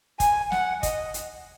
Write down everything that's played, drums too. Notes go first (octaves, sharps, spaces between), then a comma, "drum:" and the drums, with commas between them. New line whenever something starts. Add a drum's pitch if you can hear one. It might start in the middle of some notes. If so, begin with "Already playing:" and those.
G#5, drum: kick, hi-hat
F#5, drum: snare
D#5, drum: kick, hi-hat
drum: hi-hat